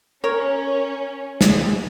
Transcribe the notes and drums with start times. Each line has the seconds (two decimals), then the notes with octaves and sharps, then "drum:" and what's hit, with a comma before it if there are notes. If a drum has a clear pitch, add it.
0.24 C#4 A#4 C#5
1.41 drum: snare